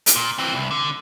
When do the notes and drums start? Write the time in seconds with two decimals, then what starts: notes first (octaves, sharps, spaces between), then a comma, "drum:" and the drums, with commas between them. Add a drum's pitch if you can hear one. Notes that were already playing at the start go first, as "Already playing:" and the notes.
0.06 drum: hi-hat
0.16 A#2
0.38 E3 C4
0.55 C2
0.71 D3